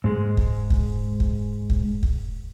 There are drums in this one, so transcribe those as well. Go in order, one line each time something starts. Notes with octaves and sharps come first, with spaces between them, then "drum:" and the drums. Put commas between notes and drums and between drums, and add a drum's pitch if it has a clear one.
G#2 G#3
drum: kick
drum: kick
drum: kick
drum: kick
drum: kick